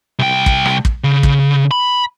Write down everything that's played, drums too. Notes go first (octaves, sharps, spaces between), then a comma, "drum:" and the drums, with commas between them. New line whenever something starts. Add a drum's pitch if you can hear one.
C2 G5
drum: kick
drum: rim click
drum: kick
C#3
drum: kick
B5